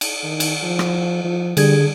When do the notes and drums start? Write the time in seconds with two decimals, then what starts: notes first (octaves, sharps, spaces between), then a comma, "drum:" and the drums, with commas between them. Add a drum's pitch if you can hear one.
0.01 drum: cymbal
0.24 D#3
0.40 drum: cymbal
0.63 F3
0.79 drum: rim click
1.24 F3
1.57 D3 G3 G#4 G#6, drum: cymbal